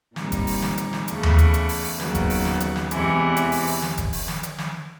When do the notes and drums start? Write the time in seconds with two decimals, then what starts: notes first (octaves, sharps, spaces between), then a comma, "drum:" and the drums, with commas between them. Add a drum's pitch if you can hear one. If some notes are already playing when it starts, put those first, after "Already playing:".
0.16 A#2 G3 C4 D#4, drum: snare
0.32 drum: kick F1, hi-hat
0.47 drum: open hi-hat
0.62 drum: snare
0.78 drum: hi-hat
0.93 drum: snare
1.08 E2 C#3 E3 A3, drum: hi-hat
1.23 drum: tom D#2
1.38 drum: hi-hat
1.54 drum: hi-hat
1.69 drum: open hi-hat
1.84 drum: open hi-hat
2.00 D#2 C#3 F#3 B3, drum: snare
2.15 drum: kick F1, hi-hat
2.30 drum: open hi-hat
2.45 drum: snare
2.60 drum: hi-hat
2.76 drum: snare
2.91 E2 C3 E3 G#3, drum: hi-hat
3.37 drum: hi-hat
3.52 drum: open hi-hat
3.67 drum: open hi-hat
3.82 drum: snare
3.97 drum: kick F1, hi-hat
4.13 drum: open hi-hat
4.28 drum: snare
4.43 drum: hi-hat
4.58 drum: snare